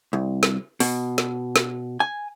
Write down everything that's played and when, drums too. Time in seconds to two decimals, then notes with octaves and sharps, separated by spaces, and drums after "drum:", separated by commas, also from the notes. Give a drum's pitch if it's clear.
0.13 C2
0.43 drum: snare
0.80 B2, drum: open hi-hat
1.18 drum: snare
1.56 drum: snare
2.00 G#5